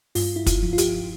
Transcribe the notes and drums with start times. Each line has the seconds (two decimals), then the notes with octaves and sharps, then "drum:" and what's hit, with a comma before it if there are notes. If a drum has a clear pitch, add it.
0.15 G2 F4, drum: open hi-hat
0.36 E4
0.46 F4, drum: kick, hi-hat
0.63 F3
0.73 F4
0.78 G4, drum: hi-hat